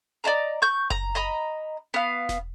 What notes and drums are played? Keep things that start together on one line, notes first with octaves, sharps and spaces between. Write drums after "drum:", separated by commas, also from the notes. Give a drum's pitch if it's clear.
D5 D#5 A5 A#5
C#6 G6
A#5, drum: kick F#1
D#5 A#5 B5
B3 F5
drum: snare E1